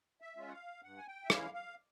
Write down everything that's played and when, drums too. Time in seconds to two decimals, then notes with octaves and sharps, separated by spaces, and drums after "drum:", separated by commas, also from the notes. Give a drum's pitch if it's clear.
0.21 E5
0.37 G#3 C#4 F4
0.48 F#5
0.53 F5
0.83 G2 F#5
0.97 G#5
1.08 G5
1.24 E5
1.30 E3 G#3 C#4 E4 F5, drum: rim click
1.54 F5